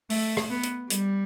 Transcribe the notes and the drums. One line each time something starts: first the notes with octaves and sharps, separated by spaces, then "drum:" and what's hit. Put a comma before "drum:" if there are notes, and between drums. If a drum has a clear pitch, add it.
A3, drum: open hi-hat
drum: rim click
B3
drum: hi-hat
G3, drum: hi-hat